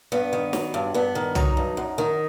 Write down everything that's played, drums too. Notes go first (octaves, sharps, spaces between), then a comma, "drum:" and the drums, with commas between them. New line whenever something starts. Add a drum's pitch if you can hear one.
G2 B3
D#3
F#3, drum: snare
G2
G2 B3
D#3
F#3 D#4, drum: tom
G2
F#2
D#3